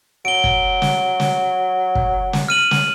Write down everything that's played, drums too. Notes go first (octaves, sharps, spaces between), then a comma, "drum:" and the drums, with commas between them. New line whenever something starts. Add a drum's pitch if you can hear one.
F#3 D7 G7
drum: kick
drum: snare
drum: snare
drum: kick
drum: snare
F6 D#7 F#7
drum: snare